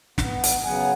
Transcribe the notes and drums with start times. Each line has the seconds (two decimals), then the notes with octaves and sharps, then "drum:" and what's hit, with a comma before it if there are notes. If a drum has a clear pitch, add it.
0.18 B3, drum: snare
0.44 drum: hi-hat
0.64 C#3 F#3 B3 F#5 G#5